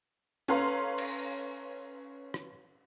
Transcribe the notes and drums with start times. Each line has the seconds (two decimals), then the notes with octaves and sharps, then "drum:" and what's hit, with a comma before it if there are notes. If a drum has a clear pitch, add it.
0.48 C#4 A4 B4 F5 A#5 C6, drum: cymbal
0.98 drum: cymbal
2.34 drum: rim click